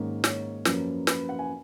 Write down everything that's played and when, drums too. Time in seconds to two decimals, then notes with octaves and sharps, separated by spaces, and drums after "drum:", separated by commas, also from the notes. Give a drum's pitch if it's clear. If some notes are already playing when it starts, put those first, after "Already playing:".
Already playing: G#2 D#3 A#3 C#4
0.24 C#5, drum: snare
0.65 F#2 F3 A#3 C#4 B4, drum: snare
1.07 B4, drum: snare
1.29 F#5
1.39 G#5